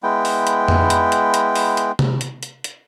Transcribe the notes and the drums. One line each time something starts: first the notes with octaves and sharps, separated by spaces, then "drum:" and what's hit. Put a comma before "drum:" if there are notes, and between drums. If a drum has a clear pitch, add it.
G#3 B3 E4 G5
drum: open hi-hat
drum: hi-hat
drum: tom F2
drum: hi-hat
drum: hi-hat
drum: hi-hat
drum: open hi-hat
drum: hi-hat
drum: tom C3
drum: hi-hat
drum: hi-hat
drum: hi-hat